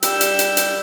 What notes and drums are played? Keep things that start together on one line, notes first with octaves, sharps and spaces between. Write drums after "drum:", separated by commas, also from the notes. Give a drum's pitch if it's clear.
G3 G5 E6, drum: hi-hat
drum: hi-hat
drum: hi-hat
drum: hi-hat